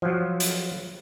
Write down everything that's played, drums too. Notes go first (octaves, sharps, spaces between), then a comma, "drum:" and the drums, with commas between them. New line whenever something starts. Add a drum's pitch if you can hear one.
F3 F#3
drum: hi-hat